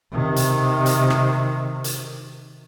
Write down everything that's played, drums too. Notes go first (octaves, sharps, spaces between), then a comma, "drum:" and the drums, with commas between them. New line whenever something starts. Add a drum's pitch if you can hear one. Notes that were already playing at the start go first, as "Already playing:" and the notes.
C3 D#3
drum: hi-hat
drum: hi-hat
drum: rim click
drum: hi-hat